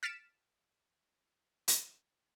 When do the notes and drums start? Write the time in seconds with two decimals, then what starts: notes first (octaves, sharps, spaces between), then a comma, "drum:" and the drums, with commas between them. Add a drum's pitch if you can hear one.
0.03 F6 A6 B6 C#7 D7 E7
1.68 drum: hi-hat